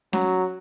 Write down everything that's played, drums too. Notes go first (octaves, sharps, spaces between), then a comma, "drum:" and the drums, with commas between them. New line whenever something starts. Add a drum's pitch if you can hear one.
F#3, drum: snare C#4